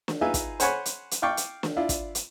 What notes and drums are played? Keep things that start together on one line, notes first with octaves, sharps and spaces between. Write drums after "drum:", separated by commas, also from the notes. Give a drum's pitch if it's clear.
drum: snare
D#4 F4 G#4 B4 E5
drum: kick, hi-hat
C5 C#5 F#5 G#5 B5 C#6, drum: hi-hat
drum: hi-hat
drum: hi-hat
D5 F5 G5 C#6
drum: hi-hat
drum: snare
D4 E4 F4
drum: kick, hi-hat
drum: hi-hat